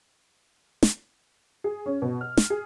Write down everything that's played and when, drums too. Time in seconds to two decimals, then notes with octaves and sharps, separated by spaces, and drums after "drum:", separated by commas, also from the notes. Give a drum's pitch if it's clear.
0.83 drum: snare
1.64 G#4
1.86 C#4
2.02 B2
2.21 F6
2.37 drum: snare
2.50 G#4